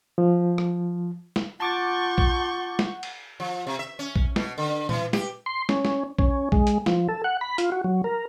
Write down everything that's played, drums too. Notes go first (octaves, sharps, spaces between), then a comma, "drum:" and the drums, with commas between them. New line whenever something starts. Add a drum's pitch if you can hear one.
F3
drum: rim click
drum: snare
F4 F#5 A5 C#6 D6 G6 A6
drum: kick A#1
drum: snare
drum: cymbal
F3
C3
E5
C#4
drum: kick A#1
B2, drum: snare
D3
E3, drum: tom A#2
G4, drum: snare
C6
C#4, drum: snare
drum: snare
C#4, drum: kick A#1
G#3, drum: kick A#1
drum: hi-hat
F3, drum: snare
A4
F#5
B5
F4, drum: hi-hat
F#4
F#3
A#4